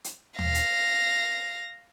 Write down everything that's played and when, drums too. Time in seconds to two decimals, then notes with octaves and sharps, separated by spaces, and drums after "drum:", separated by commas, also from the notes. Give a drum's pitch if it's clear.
0.04 drum: hi-hat
0.39 F5 A#6, drum: tom D#2
0.55 drum: hi-hat